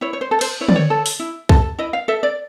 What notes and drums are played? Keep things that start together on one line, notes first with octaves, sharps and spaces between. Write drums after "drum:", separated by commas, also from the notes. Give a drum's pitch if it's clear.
E4 C#5
C#5
C5
A4
C5, drum: cymbal
E4 C#5
D5, drum: tom
C#5
A4
drum: open hi-hat
E4
A4, drum: kick C2
E4 D#5
F5
A4 E5
D5